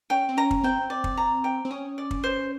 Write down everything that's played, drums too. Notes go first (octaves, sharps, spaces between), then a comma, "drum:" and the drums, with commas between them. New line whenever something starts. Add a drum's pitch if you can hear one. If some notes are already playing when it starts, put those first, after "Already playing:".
C#4 G5
C4
C#4 A#5
drum: kick
C4 G5
D5
drum: kick
A#5
G5
C4
C#4 D#6
D5
drum: kick
C5